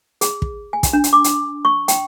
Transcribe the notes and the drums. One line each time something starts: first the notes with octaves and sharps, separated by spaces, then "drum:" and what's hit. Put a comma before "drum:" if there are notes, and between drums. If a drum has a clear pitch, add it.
G#4, drum: hi-hat
drum: kick
G#5
drum: kick, hi-hat
D4
drum: hi-hat
D6
drum: hi-hat
C#6
G5, drum: hi-hat